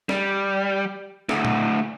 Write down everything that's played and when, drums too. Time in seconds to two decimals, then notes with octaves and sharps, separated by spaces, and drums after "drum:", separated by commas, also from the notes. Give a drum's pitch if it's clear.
0.09 G3, drum: snare
1.29 D2 A2, drum: snare
1.45 drum: tom A#2